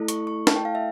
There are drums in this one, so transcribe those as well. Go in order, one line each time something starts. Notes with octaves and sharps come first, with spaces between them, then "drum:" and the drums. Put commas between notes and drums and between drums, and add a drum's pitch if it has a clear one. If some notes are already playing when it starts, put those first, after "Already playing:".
Already playing: A3 E4 A4
C#6, drum: hi-hat
C#6
A5, drum: snare
G5
F5
E5